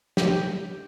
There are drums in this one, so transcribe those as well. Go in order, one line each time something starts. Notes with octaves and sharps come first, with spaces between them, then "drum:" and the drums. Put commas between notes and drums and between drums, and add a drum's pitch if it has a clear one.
G4, drum: snare